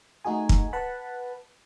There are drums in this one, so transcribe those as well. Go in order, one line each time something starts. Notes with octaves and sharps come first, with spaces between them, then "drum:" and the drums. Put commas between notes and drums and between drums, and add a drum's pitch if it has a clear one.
A3 D#4 F#4 G#4 G#5
drum: kick
B4 F#5 A5 B5